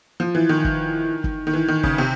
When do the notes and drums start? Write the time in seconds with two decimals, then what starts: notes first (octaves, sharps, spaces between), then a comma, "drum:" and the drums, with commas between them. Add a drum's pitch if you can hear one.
0.20 F3
0.35 E3
0.49 D#3
0.64 drum: kick
1.24 drum: kick
1.47 D#3
1.53 E3
1.68 D#3
1.83 C#3, drum: kick
1.98 C3